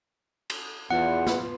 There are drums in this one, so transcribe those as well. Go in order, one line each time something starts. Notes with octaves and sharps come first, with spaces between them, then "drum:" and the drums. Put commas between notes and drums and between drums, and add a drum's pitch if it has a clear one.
drum: cymbal
E2 B3 F4 B4 F#5
drum: snare